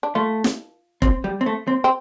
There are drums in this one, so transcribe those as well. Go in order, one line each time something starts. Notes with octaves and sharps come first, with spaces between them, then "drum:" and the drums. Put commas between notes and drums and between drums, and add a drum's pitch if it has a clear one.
D4
A3 F4
drum: snare
C4, drum: kick F1
G3
C4
A3
C4
C4